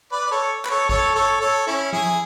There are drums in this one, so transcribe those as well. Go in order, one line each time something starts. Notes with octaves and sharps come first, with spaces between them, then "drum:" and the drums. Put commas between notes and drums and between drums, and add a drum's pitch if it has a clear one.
B4 D5
D5
A4 C#5
B4, drum: clap
A4 C#5
A4 C#5, drum: kick G#1
A4 C#5
A4 C#5
C#4 E4
E4 G#4, drum: tom F3